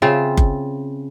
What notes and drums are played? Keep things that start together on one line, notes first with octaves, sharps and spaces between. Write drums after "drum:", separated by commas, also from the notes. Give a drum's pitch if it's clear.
C#3 C4 F4 E5
drum: kick F#1